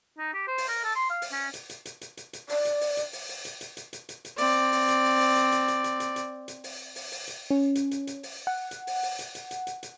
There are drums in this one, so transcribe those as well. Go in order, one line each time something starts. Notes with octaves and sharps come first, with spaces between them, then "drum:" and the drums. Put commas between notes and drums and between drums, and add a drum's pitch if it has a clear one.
D#4
G4
C5
drum: open hi-hat
A#4
A4
C6
F5
drum: open hi-hat
C#4
drum: hi-hat
drum: hi-hat
drum: hi-hat
drum: hi-hat
drum: hi-hat
drum: hi-hat
D5, drum: open hi-hat
drum: hi-hat
drum: open hi-hat
drum: hi-hat
drum: open hi-hat
drum: open hi-hat
drum: hi-hat
drum: hi-hat
drum: hi-hat
drum: hi-hat
drum: hi-hat
drum: hi-hat
C4 D5, drum: open hi-hat
drum: open hi-hat
drum: hi-hat
drum: open hi-hat
drum: open hi-hat
drum: hi-hat
drum: hi-hat
drum: hi-hat
drum: hi-hat
drum: hi-hat
drum: hi-hat
drum: hi-hat
drum: open hi-hat
drum: open hi-hat
drum: open hi-hat
drum: hi-hat
C#4
drum: hi-hat
drum: hi-hat
drum: hi-hat
drum: open hi-hat
F#5
drum: hi-hat
drum: open hi-hat
drum: open hi-hat
drum: hi-hat
drum: hi-hat
drum: hi-hat
drum: hi-hat
drum: hi-hat